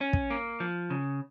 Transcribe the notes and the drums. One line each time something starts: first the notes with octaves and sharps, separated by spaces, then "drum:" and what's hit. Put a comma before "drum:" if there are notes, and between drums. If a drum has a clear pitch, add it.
C#4
drum: kick
A#3
F3
C#3